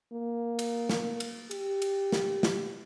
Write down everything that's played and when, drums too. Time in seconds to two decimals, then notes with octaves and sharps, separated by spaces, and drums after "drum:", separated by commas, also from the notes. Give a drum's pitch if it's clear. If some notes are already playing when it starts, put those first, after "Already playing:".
0.13 A#3
0.59 drum: cymbal
0.89 drum: snare
1.20 drum: cymbal
1.51 G4, drum: cymbal
1.82 drum: cymbal
2.12 drum: snare
2.43 drum: snare